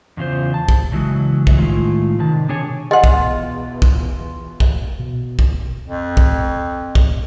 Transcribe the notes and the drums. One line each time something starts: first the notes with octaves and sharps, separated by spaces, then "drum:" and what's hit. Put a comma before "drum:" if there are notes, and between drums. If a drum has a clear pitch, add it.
E2 C#3 F4 C5
A5
drum: kick
C#3 E3 F#3 G#3
drum: kick
A2 D#3 G#3 F4
C3 D#3 A5
C3 D4 G#4 C#5 G#5
E2 B2 E3 F4 G#4 D#5 F#5
drum: kick
drum: kick
drum: kick
B2
drum: kick
F2
drum: kick
drum: kick